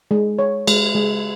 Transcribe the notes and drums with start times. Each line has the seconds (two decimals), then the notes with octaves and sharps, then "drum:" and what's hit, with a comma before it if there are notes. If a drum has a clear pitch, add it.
0.11 G#3
0.39 C#5
0.67 G#3, drum: cymbal
0.95 G#3